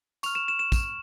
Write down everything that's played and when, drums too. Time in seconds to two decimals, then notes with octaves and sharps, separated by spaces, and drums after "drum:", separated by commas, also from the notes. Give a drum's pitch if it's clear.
0.23 C#6 F6 F7, drum: tambourine
0.35 E7
0.48 E7
0.59 E7
0.72 drum: kick, tambourine